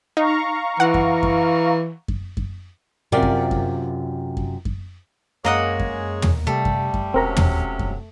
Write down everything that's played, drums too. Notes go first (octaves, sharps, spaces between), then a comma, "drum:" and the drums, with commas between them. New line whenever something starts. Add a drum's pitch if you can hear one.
D#4 F5 A#5 C#6
E3 F#5
drum: kick F#2
drum: kick F#2
drum: kick F#2
drum: kick F#2
F#2 C3 F4 A#4 D5
drum: kick F#2
drum: kick F#2
drum: kick F#2
drum: kick F#2
F#2 G#3 A#3 G#4 C#5 D#5 F#5
drum: kick F#2
drum: tom
C3 G3 A3
drum: kick F#2
drum: kick F#2
E1 C3 F#3 C4 C#4 A#4 A#5
drum: tom
drum: kick F#2